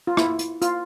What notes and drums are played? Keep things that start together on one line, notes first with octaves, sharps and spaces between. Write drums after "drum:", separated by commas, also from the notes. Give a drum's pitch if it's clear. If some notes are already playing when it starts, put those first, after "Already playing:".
F4
E4, drum: rim click
drum: hi-hat
F4, drum: hi-hat